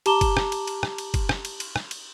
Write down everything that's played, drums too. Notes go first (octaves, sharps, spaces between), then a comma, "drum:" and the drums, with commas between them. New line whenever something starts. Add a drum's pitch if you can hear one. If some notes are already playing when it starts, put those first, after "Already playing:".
G4 A5 A#5 D6 E7 G7, drum: cymbal
drum: kick F#1, cymbal
drum: rim click
drum: cymbal
drum: cymbal
drum: rim click
drum: cymbal
drum: kick F#1, cymbal
drum: rim click
drum: cymbal
drum: cymbal
drum: rim click
drum: cymbal